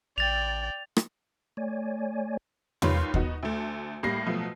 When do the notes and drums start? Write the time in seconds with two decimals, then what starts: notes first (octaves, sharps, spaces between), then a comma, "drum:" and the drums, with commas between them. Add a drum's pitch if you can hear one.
0.18 A1 D5 G5 A6 F7
0.97 drum: rim click
1.57 A3 C#5 D5 G#5
2.82 D#2 G3 F4 B4 C#5 C6, drum: tom E2
3.14 B3 D#4 F#4, drum: kick D#2
3.43 D2 A3
4.03 A2 G3 A#3 A#6 C7
4.26 B2 F3 F#3 A3